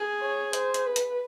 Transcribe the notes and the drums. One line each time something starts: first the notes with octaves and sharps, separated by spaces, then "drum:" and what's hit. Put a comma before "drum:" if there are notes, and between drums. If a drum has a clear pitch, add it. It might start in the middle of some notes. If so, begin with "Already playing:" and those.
Already playing: G#4
C#5
C5, drum: hi-hat
drum: hi-hat
B4
drum: hi-hat